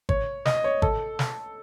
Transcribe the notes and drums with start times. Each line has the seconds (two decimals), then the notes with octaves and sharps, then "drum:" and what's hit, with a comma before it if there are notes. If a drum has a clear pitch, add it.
0.09 C#5, drum: kick
0.45 D#5, drum: snare
0.64 C#5
0.82 A4, drum: kick
1.19 drum: snare